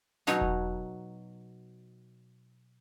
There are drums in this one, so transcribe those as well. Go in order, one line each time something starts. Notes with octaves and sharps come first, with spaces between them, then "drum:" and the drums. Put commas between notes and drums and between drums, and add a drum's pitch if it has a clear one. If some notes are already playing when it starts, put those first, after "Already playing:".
B2 F#3 D#4 C#5 F#5, drum: snare
drum: kick E1